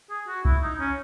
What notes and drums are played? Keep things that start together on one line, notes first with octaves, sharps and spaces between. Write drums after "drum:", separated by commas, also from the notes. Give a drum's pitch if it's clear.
G#4
F#4
E4, drum: kick C2
D#4
C#4